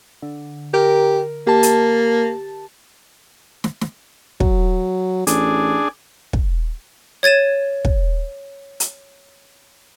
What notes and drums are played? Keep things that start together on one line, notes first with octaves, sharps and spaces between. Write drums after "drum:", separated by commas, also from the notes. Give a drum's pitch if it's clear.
D3
G4 A#4
A#3 G4 A5
drum: hi-hat
drum: snare
drum: snare
F#3, drum: kick
A1 D4 G#4, drum: hi-hat
drum: kick
C#5 G#6 A6 D#7 E7
drum: kick
drum: hi-hat